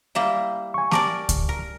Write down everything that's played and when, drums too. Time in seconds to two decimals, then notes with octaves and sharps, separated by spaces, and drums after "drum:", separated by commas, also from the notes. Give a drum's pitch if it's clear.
0.15 G3 A#3 E4
0.74 G#5 C#6
0.91 G4 A#4 D5 A5 D6, drum: snare A#3
1.29 drum: kick C#2, hi-hat
1.49 A#4